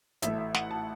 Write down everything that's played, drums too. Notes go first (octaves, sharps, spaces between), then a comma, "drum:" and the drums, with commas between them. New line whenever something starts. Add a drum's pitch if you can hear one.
A1 A2 A3 E5, drum: hi-hat
E5
F#5, drum: snare
A5